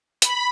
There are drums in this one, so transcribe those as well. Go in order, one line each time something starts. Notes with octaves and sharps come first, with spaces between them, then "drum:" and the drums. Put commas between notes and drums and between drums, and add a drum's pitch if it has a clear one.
B5, drum: hi-hat